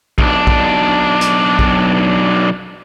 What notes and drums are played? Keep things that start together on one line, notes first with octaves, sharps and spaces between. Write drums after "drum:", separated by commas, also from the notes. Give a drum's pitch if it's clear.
B1 D4, drum: kick A#1
drum: kick A#1
drum: hi-hat
drum: kick A#1